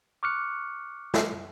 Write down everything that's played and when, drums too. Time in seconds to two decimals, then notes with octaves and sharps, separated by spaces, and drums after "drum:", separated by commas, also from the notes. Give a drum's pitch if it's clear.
0.23 C#6 D6 F6 F#6 C#7
1.14 drum: snare